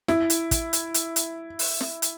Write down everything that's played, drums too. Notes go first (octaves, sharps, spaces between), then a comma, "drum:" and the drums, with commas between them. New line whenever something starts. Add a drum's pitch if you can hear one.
E4, drum: snare
drum: hi-hat
drum: kick, hi-hat
drum: hi-hat
drum: hi-hat
drum: hi-hat
drum: open hi-hat
drum: snare
drum: hi-hat